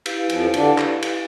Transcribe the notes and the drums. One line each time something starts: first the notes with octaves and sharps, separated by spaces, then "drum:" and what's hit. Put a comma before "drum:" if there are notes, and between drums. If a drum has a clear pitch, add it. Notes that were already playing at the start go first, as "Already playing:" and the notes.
E4 G4 B4 F5, drum: cymbal
F2 F3, drum: cymbal
D3 D4, drum: cymbal
drum: clap
drum: cymbal